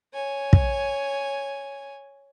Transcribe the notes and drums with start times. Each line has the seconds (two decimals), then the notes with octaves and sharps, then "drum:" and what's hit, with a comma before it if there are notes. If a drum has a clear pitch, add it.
0.13 C#5 G#5
0.53 drum: kick